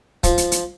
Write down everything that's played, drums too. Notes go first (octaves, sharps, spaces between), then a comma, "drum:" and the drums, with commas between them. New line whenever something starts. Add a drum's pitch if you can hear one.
F3, drum: kick, hi-hat
drum: hi-hat
drum: hi-hat